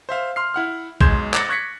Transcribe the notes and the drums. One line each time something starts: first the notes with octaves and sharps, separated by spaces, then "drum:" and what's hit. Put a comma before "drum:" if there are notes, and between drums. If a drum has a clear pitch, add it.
C5 E5 F5
C6 F6 C7
E4 F#5 F6
B1 G#3 C6 G6 G#6 E7, drum: kick A#1
D6 F#6 A6 A#6 C#7, drum: clap
C#6 F#6 G#6 A#6 B6 C#7